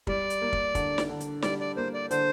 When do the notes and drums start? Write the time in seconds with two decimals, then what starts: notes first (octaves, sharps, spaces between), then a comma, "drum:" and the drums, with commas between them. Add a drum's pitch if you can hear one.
0.07 G3 D5, drum: kick
0.30 drum: hi-hat
0.41 A#3
0.53 drum: kick
0.75 D3, drum: kick, hi-hat
0.98 drum: snare
1.09 D3
1.20 drum: hi-hat
1.42 G3 D5, drum: snare
1.60 D5
1.76 A#3 C5
1.94 D5
2.11 D3 C5, drum: hi-hat